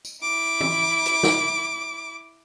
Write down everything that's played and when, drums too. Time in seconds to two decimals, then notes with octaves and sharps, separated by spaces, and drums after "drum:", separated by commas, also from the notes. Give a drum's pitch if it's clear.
0.05 drum: tambourine
0.23 E4 D6
0.61 drum: tom
1.06 drum: hi-hat
1.23 drum: snare